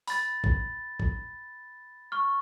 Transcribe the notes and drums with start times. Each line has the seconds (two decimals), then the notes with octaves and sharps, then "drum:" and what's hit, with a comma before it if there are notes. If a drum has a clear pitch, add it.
0.07 B5 A6, drum: open hi-hat
0.44 drum: kick
1.00 drum: kick
2.12 C#6 F6